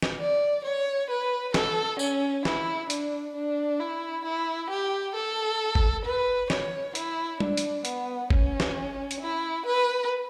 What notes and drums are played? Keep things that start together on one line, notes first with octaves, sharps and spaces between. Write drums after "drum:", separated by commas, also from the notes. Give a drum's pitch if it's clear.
drum: snare
D5
C#5
B4
A4, drum: snare
C#4, drum: tambourine
E4, drum: snare
D4, drum: hi-hat
D4
E4
E4
G4
A4
drum: kick G1
B4
C#5, drum: snare
E4, drum: hi-hat
D4, drum: tom G3
drum: hi-hat
B3, drum: hi-hat
C#4, drum: kick G1
drum: snare
drum: hi-hat
E4
B4